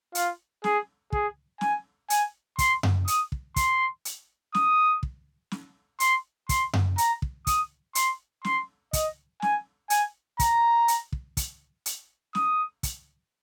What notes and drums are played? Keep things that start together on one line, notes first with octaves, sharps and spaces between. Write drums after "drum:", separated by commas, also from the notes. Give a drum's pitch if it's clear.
F4, drum: hi-hat
G#4, drum: snare
G#4, drum: kick
G#5, drum: snare
G#5, drum: hi-hat
C6, drum: kick, hi-hat
drum: tom F#2
D#6, drum: hi-hat
drum: kick
C6, drum: kick, hi-hat
drum: hi-hat
D#6, drum: snare
drum: kick
drum: snare
C6, drum: hi-hat
C6, drum: kick, hi-hat
drum: tom F#2
A#5, drum: hi-hat
drum: kick
D#6, drum: kick, hi-hat
C6, drum: hi-hat
C6, drum: snare
D#5, drum: kick, hi-hat
G#5, drum: snare
G#5, drum: hi-hat
A#5, drum: kick, hi-hat
drum: hi-hat
drum: kick
drum: kick, hi-hat
drum: hi-hat
D#6, drum: snare
drum: kick, hi-hat